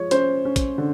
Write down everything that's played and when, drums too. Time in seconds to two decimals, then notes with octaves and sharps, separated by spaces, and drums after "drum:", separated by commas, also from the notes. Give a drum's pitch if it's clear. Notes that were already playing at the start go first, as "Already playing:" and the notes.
Already playing: F3 G#3 C#5
0.11 C#4 C5, drum: hi-hat
0.45 C#4
0.56 drum: kick, hi-hat
0.78 D3